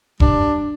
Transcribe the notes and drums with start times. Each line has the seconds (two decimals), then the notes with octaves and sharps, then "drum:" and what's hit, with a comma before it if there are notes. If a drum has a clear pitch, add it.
0.20 G3 D4, drum: kick E1